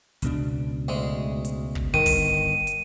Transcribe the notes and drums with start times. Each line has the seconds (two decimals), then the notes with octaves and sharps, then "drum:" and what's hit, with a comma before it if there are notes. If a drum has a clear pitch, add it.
0.22 C#2 B2 D4, drum: hi-hat
0.88 D2 G#3
1.45 drum: hi-hat
1.75 drum: kick
1.94 G1 D#3 D#7
2.06 drum: kick, open hi-hat
2.67 drum: hi-hat